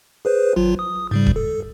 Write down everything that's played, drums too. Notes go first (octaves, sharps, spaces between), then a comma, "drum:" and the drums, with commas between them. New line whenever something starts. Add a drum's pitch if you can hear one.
G#4 B4 C5
G#1 F#3 F4
D#6
G#2 C#3 G3
drum: kick D#1
A4